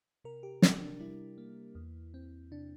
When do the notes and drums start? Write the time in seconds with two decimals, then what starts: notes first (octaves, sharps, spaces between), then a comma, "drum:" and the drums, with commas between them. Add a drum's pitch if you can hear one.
0.24 C3 A#4
0.43 G4
0.62 C3, drum: snare
0.81 D4
1.00 G3 E4
1.38 A#3
1.75 E2
2.14 C4
2.51 C3 D4